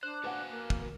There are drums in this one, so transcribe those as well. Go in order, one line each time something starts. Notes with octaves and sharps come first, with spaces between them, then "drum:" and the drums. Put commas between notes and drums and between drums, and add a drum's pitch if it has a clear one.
D4 C5 F#6
F#4 B4 C5 F5 F#5 G#5
A#3
drum: kick